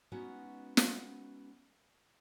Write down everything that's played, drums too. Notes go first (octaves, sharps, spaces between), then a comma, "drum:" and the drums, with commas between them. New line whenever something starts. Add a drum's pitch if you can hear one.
G#3 B3 C#4 D#4 F#4
drum: snare